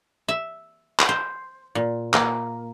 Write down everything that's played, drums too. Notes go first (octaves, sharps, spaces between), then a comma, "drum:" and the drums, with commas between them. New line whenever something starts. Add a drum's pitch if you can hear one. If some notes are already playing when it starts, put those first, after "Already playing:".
E5
drum: clap
C5
A#2
A#3, drum: clap